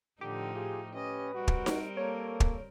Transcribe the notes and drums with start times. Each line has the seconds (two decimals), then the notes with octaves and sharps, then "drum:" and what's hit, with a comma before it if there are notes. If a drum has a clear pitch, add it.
0.21 A2 D3 F3 D#4 G4
0.55 F4 G#4
0.95 C#4 B4 D#5
1.35 G3 C4 F#4 A#4
1.48 drum: kick
1.66 drum: snare D#4
1.97 A#3 A4 C#5
2.40 drum: kick